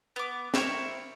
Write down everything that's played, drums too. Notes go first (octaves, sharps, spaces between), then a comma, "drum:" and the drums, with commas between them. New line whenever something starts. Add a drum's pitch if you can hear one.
B3 D6
C4 E4 A#4 C#5, drum: snare